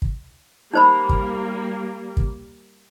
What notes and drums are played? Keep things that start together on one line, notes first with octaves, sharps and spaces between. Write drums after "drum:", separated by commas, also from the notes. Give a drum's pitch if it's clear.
drum: kick
G3 A#3 D#4 C5 B5
drum: kick
drum: kick